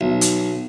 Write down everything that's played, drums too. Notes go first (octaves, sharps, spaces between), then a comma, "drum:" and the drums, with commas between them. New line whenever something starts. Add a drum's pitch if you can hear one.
B1
drum: hi-hat